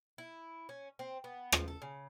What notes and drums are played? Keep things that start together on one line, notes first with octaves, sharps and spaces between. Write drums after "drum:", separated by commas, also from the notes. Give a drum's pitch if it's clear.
E4
C#4
C4
B3
F3, drum: rim click
A4
C#3